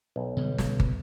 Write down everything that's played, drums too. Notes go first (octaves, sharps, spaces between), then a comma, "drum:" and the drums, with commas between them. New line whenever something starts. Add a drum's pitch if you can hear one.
B1
B2 D3 G3
drum: snare
drum: kick